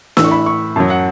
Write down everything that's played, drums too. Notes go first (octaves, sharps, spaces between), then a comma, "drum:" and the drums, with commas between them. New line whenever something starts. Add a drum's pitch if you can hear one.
A2 E3 E6, drum: snare
C#6
B5
C#6
F#2 F#3 A5
F#5